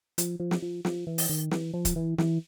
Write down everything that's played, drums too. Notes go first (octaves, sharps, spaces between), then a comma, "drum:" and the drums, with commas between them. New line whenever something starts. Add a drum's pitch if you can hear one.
F3, drum: hi-hat
F3
drum: snare
F3
F3, drum: snare
E3
drum: open hi-hat
D#3
E3, drum: snare
F3
drum: kick, hi-hat
E3
E3, drum: snare